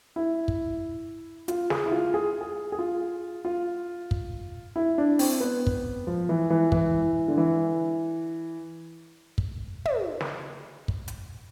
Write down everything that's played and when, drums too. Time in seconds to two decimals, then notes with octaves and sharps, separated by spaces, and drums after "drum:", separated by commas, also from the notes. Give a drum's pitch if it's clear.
0.16 E4
0.48 drum: kick
1.48 F4, drum: hi-hat
1.70 G#4, drum: snare
1.86 E4
1.92 F4
2.14 G#4
2.41 G#4
2.72 G#4
2.79 F4
3.45 F4
4.11 drum: kick
4.76 E4
4.98 D4
5.19 C4, drum: open hi-hat
5.41 B3
5.67 drum: kick
6.07 F3
6.29 E3
6.50 E3
6.72 E3, drum: kick
7.28 D3
7.37 E3
9.38 drum: kick
9.85 drum: tom
10.21 drum: snare
10.88 drum: kick
11.08 drum: hi-hat